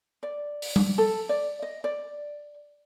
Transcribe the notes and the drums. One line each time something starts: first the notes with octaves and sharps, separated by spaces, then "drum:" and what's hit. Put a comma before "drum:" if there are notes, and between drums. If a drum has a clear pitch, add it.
D5
drum: open hi-hat
drum: tom G3
A4
D5
D#5
D5